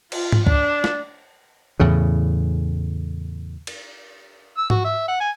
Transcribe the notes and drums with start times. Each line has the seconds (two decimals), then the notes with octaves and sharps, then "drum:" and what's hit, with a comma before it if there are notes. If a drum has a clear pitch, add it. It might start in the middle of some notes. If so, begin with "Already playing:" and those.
0.12 F4, drum: cymbal
0.32 drum: tom G#2
0.47 D4, drum: kick C2
0.84 drum: snare
1.80 E2 A2 C#3
3.67 drum: cymbal
4.58 E6
4.70 F#4, drum: tom G#2
4.85 E5
5.08 F#5
5.20 G#5